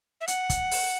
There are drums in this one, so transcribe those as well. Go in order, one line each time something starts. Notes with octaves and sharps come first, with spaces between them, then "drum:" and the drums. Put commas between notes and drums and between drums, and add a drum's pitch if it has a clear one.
E5
F#5, drum: hi-hat
drum: kick, hi-hat
drum: open hi-hat